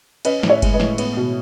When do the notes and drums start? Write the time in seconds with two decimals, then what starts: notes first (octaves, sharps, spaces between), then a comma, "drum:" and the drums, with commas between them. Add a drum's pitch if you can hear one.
0.25 C#4 B4 D#5, drum: cymbal
0.43 A2, drum: snare
0.50 C#5 E5
0.62 G#3, drum: kick F#1, cymbal
0.74 B4 D#5
0.80 A2, drum: snare
0.98 B3, drum: cymbal
1.17 B2